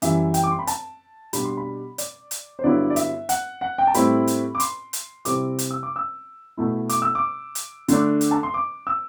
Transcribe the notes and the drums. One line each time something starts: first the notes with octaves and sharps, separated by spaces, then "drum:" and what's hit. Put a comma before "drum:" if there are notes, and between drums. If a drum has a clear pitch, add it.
F#2 E3 G3 E5, drum: hi-hat
G5, drum: hi-hat
D6
C6
B5
A5, drum: hi-hat
B2 G3 D4 B5, drum: hi-hat
C6
B5
D5, drum: hi-hat
drum: hi-hat
C5
G2 D3 F#3 B3 E4 D5
D5
E5, drum: hi-hat
F#5, drum: hi-hat
F#5
G5
A5
A2 G3 C4 E4 B5, drum: hi-hat
drum: hi-hat
D6
C6, drum: hi-hat
drum: hi-hat
C3 G3 C4 E4 D6, drum: hi-hat
drum: hi-hat
E6
D6
E6
B2 A3 E4
D6, drum: hi-hat
E6
D6
drum: hi-hat
D3 A3 D4, drum: hi-hat
drum: hi-hat
A5
C6
D6
E6